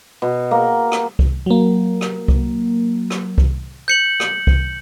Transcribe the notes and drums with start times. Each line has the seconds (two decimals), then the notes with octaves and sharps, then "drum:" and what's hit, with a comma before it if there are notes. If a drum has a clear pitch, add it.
0.22 B2
0.51 A#3
0.92 drum: rim click
1.19 drum: kick C2
1.46 F#3 A#3
2.01 drum: rim click
2.28 drum: kick C2
3.10 drum: rim click
3.38 drum: kick C2
3.88 G6 C#7 F#7
4.20 drum: rim click
4.47 drum: kick C2